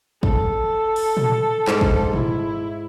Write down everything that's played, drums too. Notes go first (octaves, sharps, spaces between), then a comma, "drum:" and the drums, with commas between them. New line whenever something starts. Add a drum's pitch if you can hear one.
A4, drum: kick
drum: open hi-hat
drum: tom A#2
G#2, drum: clap
drum: kick
E4, drum: tom A#2